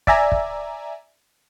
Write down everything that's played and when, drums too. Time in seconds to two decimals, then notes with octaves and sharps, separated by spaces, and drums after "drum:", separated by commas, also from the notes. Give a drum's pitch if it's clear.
0.07 D5 E5 G#5 A#5, drum: kick
0.32 drum: kick